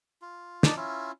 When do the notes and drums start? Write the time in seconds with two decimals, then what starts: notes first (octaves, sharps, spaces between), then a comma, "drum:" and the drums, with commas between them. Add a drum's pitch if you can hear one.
0.22 F4
0.63 D4 D#4 D5, drum: snare
0.77 C#4 E4 F4